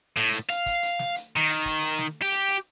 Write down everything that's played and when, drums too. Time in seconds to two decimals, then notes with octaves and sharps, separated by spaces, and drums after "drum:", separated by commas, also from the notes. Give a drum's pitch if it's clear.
0.17 A2, drum: hi-hat
0.33 drum: hi-hat
0.49 F5, drum: hi-hat
0.66 drum: kick, hi-hat
0.83 drum: hi-hat
0.99 drum: snare
1.16 drum: hi-hat
1.36 D#3
1.49 drum: hi-hat
1.65 drum: kick, hi-hat
1.82 drum: hi-hat
1.98 drum: snare
2.22 G4
2.32 drum: hi-hat
2.48 drum: hi-hat